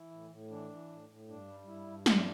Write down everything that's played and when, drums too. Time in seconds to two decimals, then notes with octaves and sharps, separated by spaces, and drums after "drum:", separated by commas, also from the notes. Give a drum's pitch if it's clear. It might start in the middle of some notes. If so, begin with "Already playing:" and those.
Already playing: E3 E4
0.11 A2
0.30 A2
0.50 E3 D4
0.70 E3
0.89 A2
1.09 A2
1.28 G2 D4
1.47 G3
1.67 G2 E4
1.87 G2
2.06 E3 D4, drum: snare